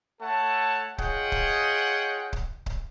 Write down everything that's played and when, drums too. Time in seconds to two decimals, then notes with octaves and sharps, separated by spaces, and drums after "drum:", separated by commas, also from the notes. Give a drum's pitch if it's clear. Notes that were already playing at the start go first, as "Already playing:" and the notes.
0.22 A3 A4 C#5 F#5 A5
0.98 F4 G#4 C#5 D#5 F#5 G5, drum: kick C#1
1.32 drum: kick C#1
2.33 drum: kick C#1
2.66 drum: kick C#1